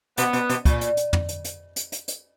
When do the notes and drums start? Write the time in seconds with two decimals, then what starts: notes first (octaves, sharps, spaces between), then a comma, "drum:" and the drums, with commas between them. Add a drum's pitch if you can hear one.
0.17 B2 B3, drum: hi-hat
0.33 B2, drum: hi-hat
0.49 B2, drum: hi-hat
0.65 A#2, drum: kick, hi-hat
0.81 drum: hi-hat
0.97 drum: hi-hat
1.13 drum: tom
1.29 drum: hi-hat
1.45 drum: hi-hat
1.76 drum: hi-hat
1.92 drum: hi-hat
2.08 drum: hi-hat